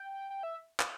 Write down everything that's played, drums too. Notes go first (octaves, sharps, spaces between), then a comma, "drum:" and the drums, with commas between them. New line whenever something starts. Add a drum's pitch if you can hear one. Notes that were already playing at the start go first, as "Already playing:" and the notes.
Already playing: G5
G5
E5
drum: clap